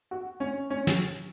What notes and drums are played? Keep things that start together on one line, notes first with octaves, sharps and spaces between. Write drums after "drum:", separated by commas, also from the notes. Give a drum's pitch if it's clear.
F#4
C#4
C#4
drum: snare